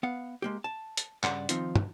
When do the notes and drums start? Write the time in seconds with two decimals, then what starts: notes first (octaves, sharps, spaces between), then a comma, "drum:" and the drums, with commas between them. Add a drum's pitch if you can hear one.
0.03 B3 F5 F#5
0.42 G#3 A#3 G4
0.64 A5
0.97 drum: hi-hat
1.23 G2 C#3 D5 F#5 C6, drum: clap
1.49 D#3 F3 C4 D#4 F4, drum: hi-hat
1.76 drum: tom